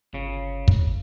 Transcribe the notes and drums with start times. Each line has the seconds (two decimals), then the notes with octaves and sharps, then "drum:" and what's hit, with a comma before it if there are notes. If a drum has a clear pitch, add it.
0.13 G1 C#3
0.68 drum: kick